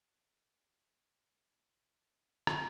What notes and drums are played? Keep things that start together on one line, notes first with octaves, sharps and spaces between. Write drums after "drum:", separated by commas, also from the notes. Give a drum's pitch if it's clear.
G#2 F3
C2 A#2
E2 A#2
drum: rim click